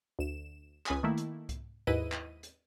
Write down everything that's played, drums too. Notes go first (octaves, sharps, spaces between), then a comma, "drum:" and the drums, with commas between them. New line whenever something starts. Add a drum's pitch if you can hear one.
D2 E7
C#2 B4 G#5 D#6, drum: clap
D#3 A3 A#3 E4
drum: hi-hat
drum: kick C2, hi-hat
D#2 G#2 E4 B4 D#5 D#7
drum: clap
drum: hi-hat